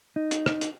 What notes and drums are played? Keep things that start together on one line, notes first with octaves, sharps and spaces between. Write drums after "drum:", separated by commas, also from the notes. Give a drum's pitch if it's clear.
D#4
drum: hi-hat
drum: rim click
drum: hi-hat